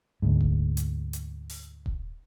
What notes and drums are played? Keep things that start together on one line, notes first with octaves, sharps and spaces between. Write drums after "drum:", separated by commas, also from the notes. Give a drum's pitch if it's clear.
D2 G#2
drum: kick D#1
drum: hi-hat
drum: hi-hat
drum: open hi-hat
drum: kick D#1